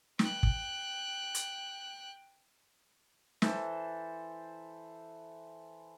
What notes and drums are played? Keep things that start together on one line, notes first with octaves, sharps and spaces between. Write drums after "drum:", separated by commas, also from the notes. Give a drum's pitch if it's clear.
G5 F#6, drum: snare
drum: kick
drum: hi-hat
E3 A4 C5, drum: snare